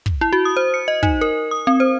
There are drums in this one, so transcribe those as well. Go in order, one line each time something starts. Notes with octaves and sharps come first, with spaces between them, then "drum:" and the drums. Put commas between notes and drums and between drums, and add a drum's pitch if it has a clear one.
drum: kick
E4
F#4
D#6
C5
C#7
D#5
D#4, drum: kick
A#4
D#6
C4
C5